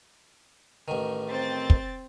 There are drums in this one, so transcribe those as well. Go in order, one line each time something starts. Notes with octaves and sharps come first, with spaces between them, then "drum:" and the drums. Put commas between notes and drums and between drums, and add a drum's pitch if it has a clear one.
A1 D#3
C4 A6
drum: kick